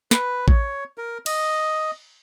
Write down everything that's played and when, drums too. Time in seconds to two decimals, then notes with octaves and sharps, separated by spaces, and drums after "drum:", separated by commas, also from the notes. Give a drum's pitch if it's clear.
0.11 B4, drum: snare
0.48 C#5, drum: kick A1
0.98 A#4
1.26 D#5, drum: cymbal